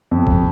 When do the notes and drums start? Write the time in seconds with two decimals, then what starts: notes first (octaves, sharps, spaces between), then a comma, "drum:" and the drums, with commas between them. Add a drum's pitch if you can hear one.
0.11 F2
0.27 drum: kick G#1